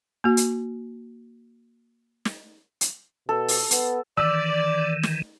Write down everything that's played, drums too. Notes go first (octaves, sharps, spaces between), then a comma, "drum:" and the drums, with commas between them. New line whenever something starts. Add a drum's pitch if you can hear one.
A#3 F#4
drum: hi-hat
drum: snare
drum: hi-hat
B2 A4
drum: open hi-hat
B3, drum: hi-hat
D#3 E3 D5 E6
drum: snare